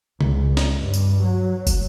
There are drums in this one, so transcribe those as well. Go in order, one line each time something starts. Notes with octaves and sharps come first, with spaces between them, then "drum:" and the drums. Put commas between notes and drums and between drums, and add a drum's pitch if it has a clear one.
C#2, drum: tom C3
drum: snare
G2
drum: tambourine
F#3
drum: kick, tambourine